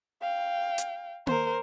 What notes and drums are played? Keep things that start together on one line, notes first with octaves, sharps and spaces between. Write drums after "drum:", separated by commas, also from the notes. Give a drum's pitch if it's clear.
F5 G5
drum: hi-hat
A#4 C5, drum: tom A#3